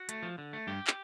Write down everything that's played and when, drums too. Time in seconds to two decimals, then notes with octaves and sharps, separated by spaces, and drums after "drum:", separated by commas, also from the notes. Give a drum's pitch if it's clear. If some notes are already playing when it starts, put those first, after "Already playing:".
Already playing: F#4
0.09 A3, drum: hi-hat
0.22 F3
0.38 D3
0.53 A3
0.67 G2 G4
0.87 drum: clap